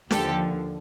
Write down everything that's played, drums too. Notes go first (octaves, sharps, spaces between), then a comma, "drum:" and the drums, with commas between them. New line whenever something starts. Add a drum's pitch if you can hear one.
D#2 D3 F3 G4 A4, drum: snare